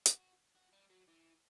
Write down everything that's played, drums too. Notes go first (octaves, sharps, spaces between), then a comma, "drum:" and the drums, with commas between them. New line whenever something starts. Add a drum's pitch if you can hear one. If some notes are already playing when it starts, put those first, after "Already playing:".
drum: hi-hat
F#4
F#4
G3
F#3
E3